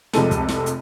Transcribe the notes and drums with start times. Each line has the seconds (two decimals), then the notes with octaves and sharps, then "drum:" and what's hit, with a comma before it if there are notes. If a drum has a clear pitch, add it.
0.13 F1 C3 F3 G#3 A4 D#7, drum: snare
0.31 drum: kick, hi-hat
0.49 drum: snare
0.66 drum: hi-hat